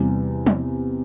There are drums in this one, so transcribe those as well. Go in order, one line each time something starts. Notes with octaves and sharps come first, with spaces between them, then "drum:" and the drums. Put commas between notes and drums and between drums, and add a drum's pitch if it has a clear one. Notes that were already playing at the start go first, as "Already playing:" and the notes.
Already playing: E2 C3 G3
drum: tom